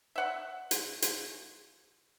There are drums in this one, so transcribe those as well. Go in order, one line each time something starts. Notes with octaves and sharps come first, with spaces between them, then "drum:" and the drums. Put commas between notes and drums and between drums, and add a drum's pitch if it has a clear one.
E5 F#5
drum: hi-hat
drum: hi-hat